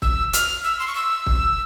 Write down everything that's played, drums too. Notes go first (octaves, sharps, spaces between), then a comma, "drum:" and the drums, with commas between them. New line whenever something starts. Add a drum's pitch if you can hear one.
E6, drum: kick
F6, drum: hi-hat
E6
C6
C#6
E6
drum: kick